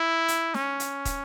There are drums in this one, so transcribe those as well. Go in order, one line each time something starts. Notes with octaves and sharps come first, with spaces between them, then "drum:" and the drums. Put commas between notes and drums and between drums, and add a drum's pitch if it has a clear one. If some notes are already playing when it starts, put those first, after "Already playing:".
Already playing: E4
drum: hi-hat
C#4, drum: snare
drum: hi-hat
drum: kick, hi-hat